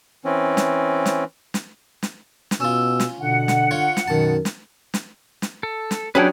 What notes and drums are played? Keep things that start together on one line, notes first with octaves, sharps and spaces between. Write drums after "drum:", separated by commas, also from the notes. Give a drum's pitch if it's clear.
E3 C4 C#4
drum: snare
drum: snare
drum: snare
drum: snare
drum: snare
B2 C#4 F4 E6
drum: snare
B2 D3 F#5
drum: snare
F4 C#5 C#6
drum: snare
F#2 B2 D#3 A5
drum: snare
drum: snare
drum: snare
A4
drum: snare
F#3 G3 C#4 D4 G#4 B4 F#5 G5